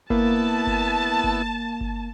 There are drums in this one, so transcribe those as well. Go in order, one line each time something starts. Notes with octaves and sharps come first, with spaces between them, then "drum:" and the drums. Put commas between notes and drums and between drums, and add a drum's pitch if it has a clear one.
A#3 B3 E4 A5, drum: kick G1
drum: kick G1
drum: kick G1
drum: kick G1